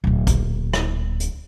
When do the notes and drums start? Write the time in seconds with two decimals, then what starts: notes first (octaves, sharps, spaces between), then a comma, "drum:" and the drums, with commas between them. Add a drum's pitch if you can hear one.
0.04 D1 A#2
0.27 drum: kick A#1, hi-hat
0.74 drum: rim click
1.20 drum: hi-hat